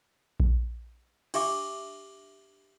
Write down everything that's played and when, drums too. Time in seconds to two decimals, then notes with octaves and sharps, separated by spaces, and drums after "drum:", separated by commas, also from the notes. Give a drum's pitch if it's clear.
0.40 drum: kick A#1
1.34 D4 G4 E5 D6, drum: cymbal